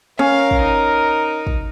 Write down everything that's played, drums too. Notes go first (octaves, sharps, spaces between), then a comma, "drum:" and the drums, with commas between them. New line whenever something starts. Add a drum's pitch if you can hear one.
C#4 A#4 F5
drum: kick
D#4
drum: kick